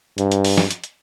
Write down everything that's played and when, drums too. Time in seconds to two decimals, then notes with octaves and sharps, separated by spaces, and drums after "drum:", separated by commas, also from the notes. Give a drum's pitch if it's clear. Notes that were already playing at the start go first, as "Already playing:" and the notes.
0.18 G2, drum: hi-hat
0.32 drum: hi-hat
0.45 drum: open hi-hat
0.58 drum: snare
0.71 drum: hi-hat
0.84 drum: hi-hat